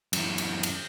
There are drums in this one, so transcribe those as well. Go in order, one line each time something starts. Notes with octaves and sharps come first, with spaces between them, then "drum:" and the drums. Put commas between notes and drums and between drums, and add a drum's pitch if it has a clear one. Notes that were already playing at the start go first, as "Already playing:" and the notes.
F#2 E3, drum: cymbal
drum: cymbal
drum: cymbal